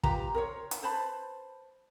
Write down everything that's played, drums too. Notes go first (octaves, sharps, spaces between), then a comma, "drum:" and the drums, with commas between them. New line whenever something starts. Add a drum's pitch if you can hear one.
F4 G4 B4 A#5, drum: kick
A#4 C5 C#5
drum: hi-hat
B4 C5 A5 B5